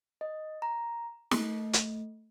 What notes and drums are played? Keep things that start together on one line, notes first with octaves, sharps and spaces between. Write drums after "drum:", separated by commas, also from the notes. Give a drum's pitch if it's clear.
D#5
A#5
A3, drum: snare
drum: hi-hat